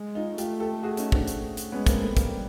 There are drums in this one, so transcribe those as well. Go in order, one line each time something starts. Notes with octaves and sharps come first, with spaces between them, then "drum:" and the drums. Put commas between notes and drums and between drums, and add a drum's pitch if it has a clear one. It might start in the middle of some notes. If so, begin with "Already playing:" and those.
Already playing: G#3
D#4 F4
A3 F4 G4, drum: hi-hat
G4 A4
F#4 G#4
C#4 D#4, drum: hi-hat
C4 D4, drum: kick
drum: hi-hat
drum: hi-hat
G#3 B3 C#4
A#3 C4, drum: kick, hi-hat
A3 B3
G3 A#3 C4, drum: kick, hi-hat